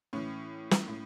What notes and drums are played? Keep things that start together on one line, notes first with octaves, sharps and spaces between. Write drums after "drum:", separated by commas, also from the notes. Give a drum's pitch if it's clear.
A2 E3 C#4
drum: snare
A2